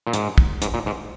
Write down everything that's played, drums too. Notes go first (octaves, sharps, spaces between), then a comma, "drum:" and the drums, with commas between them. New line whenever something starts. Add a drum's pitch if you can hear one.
A#2
G#2, drum: hi-hat
drum: kick
G#2, drum: hi-hat
A#2
G#2